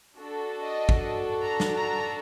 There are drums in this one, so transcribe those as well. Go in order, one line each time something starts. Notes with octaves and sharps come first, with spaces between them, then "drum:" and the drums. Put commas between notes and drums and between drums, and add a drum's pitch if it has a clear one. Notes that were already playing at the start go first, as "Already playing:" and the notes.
D4 F#4 A4
D#5
drum: kick G#1
A#5
drum: snare
A#5